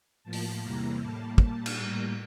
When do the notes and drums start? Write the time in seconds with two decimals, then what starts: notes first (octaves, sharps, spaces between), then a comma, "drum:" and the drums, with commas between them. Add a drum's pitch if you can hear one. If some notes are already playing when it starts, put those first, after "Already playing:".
0.23 A2 F3 A#3 A5
0.33 drum: open hi-hat
0.62 E2 C3 E3 G3 A#3 A#5
1.00 A2 G3 A#3 A5
1.38 A#2 G3 A#3 A5, drum: kick
1.66 drum: cymbal
1.76 A2 G3 A#3 A#5